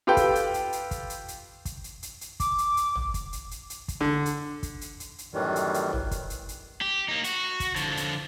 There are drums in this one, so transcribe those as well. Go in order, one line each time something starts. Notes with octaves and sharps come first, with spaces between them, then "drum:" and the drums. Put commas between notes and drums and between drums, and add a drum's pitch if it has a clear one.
F4 G4 A4 B4 G5
drum: kick, hi-hat
drum: hi-hat
drum: hi-hat
drum: hi-hat
drum: kick, hi-hat
drum: hi-hat
drum: hi-hat
drum: kick, hi-hat
drum: hi-hat
drum: hi-hat
drum: hi-hat
D6, drum: kick, hi-hat
drum: hi-hat
drum: hi-hat
drum: tom
drum: kick, hi-hat
drum: hi-hat
drum: hi-hat
drum: hi-hat
drum: kick, hi-hat
D3
drum: hi-hat
drum: kick, hi-hat
drum: hi-hat
drum: hi-hat
drum: hi-hat
F#2 A2 D#3 E3 G3
drum: hi-hat
drum: hi-hat
drum: tom
drum: kick, hi-hat
drum: hi-hat
drum: hi-hat
G4
A#3 D#4
F#4, drum: hi-hat
drum: kick, hi-hat
D3 F3, drum: hi-hat
drum: hi-hat